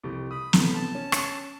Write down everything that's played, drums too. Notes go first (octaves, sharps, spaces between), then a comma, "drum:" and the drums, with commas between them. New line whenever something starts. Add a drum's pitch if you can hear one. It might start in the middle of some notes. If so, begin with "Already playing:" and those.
C2 F2 G4
B5 D#6
A2 C3 B3, drum: snare
A5
C#4
drum: rim click